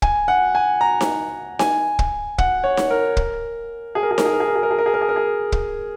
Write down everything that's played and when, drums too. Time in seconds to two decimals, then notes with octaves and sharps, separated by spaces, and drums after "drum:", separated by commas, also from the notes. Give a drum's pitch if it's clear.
0.02 G#5, drum: kick
0.28 F#5
0.55 G#5
0.81 A#5
1.01 drum: snare D#4
1.59 G#5, drum: snare D#4
1.99 drum: kick
2.38 F#5, drum: kick
2.64 C#5
2.77 drum: snare D#4
2.91 A#4
3.17 drum: kick
3.95 G#4
4.03 A#4
4.11 G#4
4.18 A#4, drum: snare D#4
4.25 G#4
4.33 A#4
4.40 G#4
4.48 A#4
4.56 G#4
4.63 A#4
4.71 G#4
4.78 A#4
4.86 G#4
4.94 A#4
5.01 G#4
5.09 A#4
5.16 G#4
5.52 drum: kick